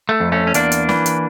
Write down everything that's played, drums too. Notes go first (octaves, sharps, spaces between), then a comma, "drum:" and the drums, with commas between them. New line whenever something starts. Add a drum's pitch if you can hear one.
A3
F2
A3 C#4
C#4
E2 A#3 D4, drum: hi-hat
drum: hi-hat
E3, drum: snare
drum: hi-hat